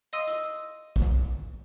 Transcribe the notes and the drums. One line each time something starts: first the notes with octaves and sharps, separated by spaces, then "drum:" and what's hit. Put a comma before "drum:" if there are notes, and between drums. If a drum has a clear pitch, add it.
D#5 F5 C6 D#6 E6 D#7
drum: hi-hat
drum: kick